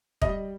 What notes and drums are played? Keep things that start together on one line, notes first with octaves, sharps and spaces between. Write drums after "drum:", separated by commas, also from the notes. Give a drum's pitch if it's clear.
G3 D#5, drum: kick E1